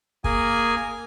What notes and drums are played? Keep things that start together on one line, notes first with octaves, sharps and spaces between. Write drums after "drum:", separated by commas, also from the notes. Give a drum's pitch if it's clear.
A#3 G#4 G#5, drum: kick